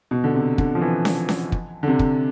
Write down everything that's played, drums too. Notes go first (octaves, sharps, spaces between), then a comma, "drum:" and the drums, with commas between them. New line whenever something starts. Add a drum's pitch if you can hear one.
B2
D3
C3
D3, drum: kick
F3
E3
drum: snare C#4
drum: snare C#4
drum: kick
D3
C3
drum: kick